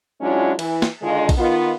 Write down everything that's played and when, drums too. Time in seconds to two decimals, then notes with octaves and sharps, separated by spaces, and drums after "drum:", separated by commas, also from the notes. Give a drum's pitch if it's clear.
0.21 F#3 G#3 C#4 D4 E4 F4
0.59 E3, drum: cymbal
0.82 drum: snare
1.03 D3 D#3 G#3 D4 F4
1.29 drum: kick A#1, cymbal
1.38 D#3 B3 F4